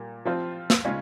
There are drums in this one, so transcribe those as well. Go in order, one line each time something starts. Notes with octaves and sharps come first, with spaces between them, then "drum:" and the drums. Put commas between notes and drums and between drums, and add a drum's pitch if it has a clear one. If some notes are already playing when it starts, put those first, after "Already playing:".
Already playing: A#2 G3 A#3
F3 C4 F4 C5
drum: snare
C#3 G#3 C#4 F4